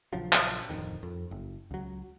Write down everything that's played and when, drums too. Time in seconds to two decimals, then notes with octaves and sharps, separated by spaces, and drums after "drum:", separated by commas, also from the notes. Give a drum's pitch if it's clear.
0.13 A#1 C#3 F3 F#3
0.33 drum: clap
0.69 D1 F2 D#3
1.03 F2
1.31 F#1
1.71 C#2 F#3